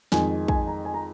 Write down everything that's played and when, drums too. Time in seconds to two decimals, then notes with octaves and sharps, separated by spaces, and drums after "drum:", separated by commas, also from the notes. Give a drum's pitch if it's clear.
0.12 F2 D#3 G#3 G#5, drum: snare
0.48 G#5, drum: kick
0.67 A#5
0.85 G#5
0.94 A#5